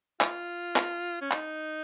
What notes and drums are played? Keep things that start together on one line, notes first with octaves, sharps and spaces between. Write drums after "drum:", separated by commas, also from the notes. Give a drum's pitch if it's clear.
F4, drum: clap
drum: clap
C#4
D#4, drum: clap